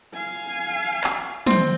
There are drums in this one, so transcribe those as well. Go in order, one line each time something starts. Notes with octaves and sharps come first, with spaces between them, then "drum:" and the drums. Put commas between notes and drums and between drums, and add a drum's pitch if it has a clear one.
F5 G#5
drum: clap
C4 G5, drum: tom